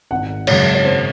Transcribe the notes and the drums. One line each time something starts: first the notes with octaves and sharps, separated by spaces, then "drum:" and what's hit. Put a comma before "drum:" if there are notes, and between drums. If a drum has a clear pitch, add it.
G#1 F#5
F#2 C#3 G#3 C#5, drum: cymbal
C#5
G#1 C5